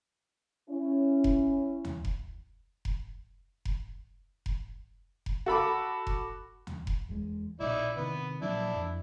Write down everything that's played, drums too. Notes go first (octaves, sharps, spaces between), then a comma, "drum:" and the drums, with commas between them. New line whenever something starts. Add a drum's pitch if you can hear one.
C#4 E4
drum: kick F1
drum: tom D2
drum: kick F1
drum: kick F1
drum: kick F1
drum: kick F1
drum: kick F1
F#4 A4 B5 D6
drum: kick F1
drum: tom D2
drum: kick F1
E2 G#3
A#1 B2 D#4 E4 D5
C3 D#3 B3
A#2 F3 F#3 D4 E4
F2 F3